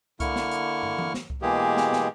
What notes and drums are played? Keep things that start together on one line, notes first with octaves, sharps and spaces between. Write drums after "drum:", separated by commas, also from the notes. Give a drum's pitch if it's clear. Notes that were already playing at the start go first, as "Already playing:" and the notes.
D3 A#3 E4 C#6 F6, drum: kick C2, hi-hat
drum: snare
drum: hi-hat
drum: tom
drum: tom E3
drum: snare
drum: kick C2
B2 E3 G#3 A#3 G4 G#4
drum: snare
drum: snare